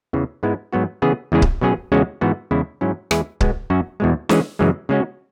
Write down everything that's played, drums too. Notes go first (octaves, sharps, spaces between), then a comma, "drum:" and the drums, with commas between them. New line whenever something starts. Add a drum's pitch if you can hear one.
E2 C#3 E3
G#2 G#3 B3 E4
G#2 F#3 B3 F#4
C#3 E3 B3 G#4
E2 C#3 G#3 E4 G#4
drum: kick C#1
B2 F#3 C#4 G#4
E2 C#3 G#3 C#4 F#4
G#2 E3 B3 F#4
E2 C#3 G#3 E4
G#2 F#3 C#4 E4
E2 E3 G#3 E4 G#4, drum: rim click
B2 G#3 B3, drum: kick C#1
F#2 F#3 C#4 F#4
E2 B2 G#3
E3 G#3 C#4 G#4, drum: snare
F#2 C#3 E3 G#3
C#3 G#3 C#4 F#4